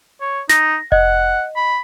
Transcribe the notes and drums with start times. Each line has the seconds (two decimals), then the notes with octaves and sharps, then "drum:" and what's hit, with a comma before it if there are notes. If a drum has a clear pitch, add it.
0.21 C#5
0.49 D#4 A#6, drum: snare
0.92 D#5 F#5, drum: kick F1
1.56 B5